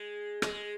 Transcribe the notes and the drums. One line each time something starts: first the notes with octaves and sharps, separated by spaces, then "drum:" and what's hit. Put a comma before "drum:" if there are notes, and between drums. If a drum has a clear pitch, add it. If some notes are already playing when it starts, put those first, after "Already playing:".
Already playing: G#3
G#3, drum: rim click